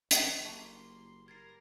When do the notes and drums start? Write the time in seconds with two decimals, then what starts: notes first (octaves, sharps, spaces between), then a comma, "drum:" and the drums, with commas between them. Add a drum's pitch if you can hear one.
0.11 F#1 D4, drum: hi-hat
0.45 G3 A#3 A5 C6 C#6 D#7
1.28 G3 A#4 G#6 A6 C7